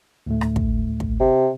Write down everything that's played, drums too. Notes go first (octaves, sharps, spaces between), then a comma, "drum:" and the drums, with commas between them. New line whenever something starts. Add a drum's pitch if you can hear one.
D2 A2 A3
drum: rim click
drum: kick
drum: kick
C3